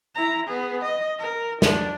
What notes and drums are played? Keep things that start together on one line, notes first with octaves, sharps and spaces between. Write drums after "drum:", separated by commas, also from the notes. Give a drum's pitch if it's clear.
E4 A#5
B3 G#4
D#5
A#4
D4, drum: snare